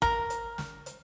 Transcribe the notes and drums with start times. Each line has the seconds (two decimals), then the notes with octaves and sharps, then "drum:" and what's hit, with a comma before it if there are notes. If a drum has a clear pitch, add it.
0.02 A#4, drum: kick
0.30 drum: hi-hat
0.58 drum: snare
0.86 drum: hi-hat